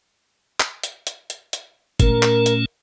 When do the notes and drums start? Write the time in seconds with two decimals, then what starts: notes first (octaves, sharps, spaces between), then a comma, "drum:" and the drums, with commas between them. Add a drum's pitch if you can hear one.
0.60 drum: clap
0.83 drum: hi-hat
1.07 drum: hi-hat
1.30 drum: hi-hat
1.53 drum: hi-hat
2.00 A#2 A3 C#4 A#4, drum: kick G#1, hi-hat
2.23 drum: clap
2.46 drum: hi-hat